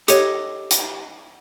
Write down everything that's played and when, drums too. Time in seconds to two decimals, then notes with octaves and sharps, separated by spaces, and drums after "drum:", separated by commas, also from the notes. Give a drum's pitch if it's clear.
0.08 G4 A4 C#5 D#5, drum: hi-hat
0.71 drum: hi-hat